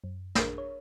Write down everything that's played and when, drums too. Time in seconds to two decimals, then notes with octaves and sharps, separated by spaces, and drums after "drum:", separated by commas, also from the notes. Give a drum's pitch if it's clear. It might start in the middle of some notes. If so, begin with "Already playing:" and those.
0.04 F#2
0.35 A1 D4 G#4 A#4, drum: snare
0.58 C#5